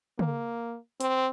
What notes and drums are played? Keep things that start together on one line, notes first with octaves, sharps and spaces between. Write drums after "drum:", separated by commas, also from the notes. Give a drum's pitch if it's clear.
A#3, drum: tom
C4, drum: hi-hat